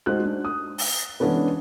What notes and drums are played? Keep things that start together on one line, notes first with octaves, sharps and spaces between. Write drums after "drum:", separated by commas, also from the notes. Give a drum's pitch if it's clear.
G#3 D#4 F#4 C5 F#6
D4
D#6
drum: open hi-hat
E3 G#3 B3 C#4 D4 B4